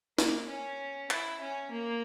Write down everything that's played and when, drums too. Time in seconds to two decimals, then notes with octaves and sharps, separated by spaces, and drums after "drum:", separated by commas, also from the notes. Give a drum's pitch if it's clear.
0.18 A#3, drum: snare
0.48 C#4
1.10 E4, drum: clap
1.41 C#4
1.71 A#3